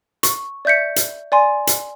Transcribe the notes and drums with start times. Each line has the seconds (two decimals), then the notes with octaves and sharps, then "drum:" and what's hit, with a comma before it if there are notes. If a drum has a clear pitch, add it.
0.23 C#6, drum: hi-hat
0.65 D5 E5 G6 B6 C#7
0.96 drum: hi-hat
1.32 D5 G#5 C6
1.67 drum: hi-hat